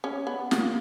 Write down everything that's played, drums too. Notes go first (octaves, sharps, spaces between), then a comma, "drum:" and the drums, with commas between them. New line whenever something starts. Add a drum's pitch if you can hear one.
C#4
B3
A#3, drum: snare